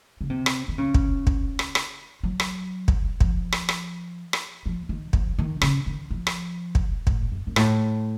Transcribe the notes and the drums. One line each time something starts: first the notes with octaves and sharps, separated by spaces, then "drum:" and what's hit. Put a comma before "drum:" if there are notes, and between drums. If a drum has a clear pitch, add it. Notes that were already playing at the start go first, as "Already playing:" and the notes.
C#3
C3
drum: rim click
D#3
C#3
drum: kick
drum: kick
drum: rim click
drum: rim click
F#3
drum: rim click
drum: kick
F3, drum: kick
drum: rim click
drum: rim click
drum: rim click
F3
D#3
F3, drum: kick
D#3
C#3, drum: rim click
D#3
F3
drum: rim click
drum: kick
A2, drum: kick
F#2
F#2
A2, drum: rim click